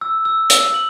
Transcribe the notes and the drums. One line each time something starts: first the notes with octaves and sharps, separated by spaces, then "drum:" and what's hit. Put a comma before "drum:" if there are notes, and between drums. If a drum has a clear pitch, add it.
E6
E6
E6, drum: hi-hat
F#7